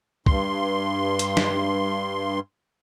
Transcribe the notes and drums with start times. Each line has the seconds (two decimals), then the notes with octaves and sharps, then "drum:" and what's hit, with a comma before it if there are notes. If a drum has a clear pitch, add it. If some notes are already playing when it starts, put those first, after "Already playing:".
0.26 G2 C6, drum: kick
1.19 drum: hi-hat
1.37 drum: snare